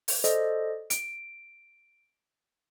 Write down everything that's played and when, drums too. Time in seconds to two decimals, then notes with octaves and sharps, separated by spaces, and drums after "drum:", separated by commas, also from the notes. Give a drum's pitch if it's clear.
0.08 drum: open hi-hat
0.24 A4 C5 D5 D#5, drum: hi-hat
0.90 D7, drum: hi-hat